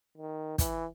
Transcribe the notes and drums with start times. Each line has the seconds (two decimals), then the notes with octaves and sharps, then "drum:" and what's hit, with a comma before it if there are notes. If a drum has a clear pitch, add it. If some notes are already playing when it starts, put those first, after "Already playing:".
0.18 D#3
0.58 E3, drum: kick, hi-hat